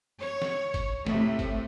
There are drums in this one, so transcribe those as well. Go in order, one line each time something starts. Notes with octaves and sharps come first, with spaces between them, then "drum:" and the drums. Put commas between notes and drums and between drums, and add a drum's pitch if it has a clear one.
C#5
drum: snare
drum: kick, hi-hat
A2 C3 A3, drum: snare
drum: kick, hi-hat